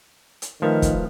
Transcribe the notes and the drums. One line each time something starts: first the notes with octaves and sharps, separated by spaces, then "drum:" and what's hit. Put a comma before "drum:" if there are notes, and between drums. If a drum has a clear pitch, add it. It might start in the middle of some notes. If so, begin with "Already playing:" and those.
drum: hi-hat
D#3 F3 A3 A#4 B4
drum: kick, hi-hat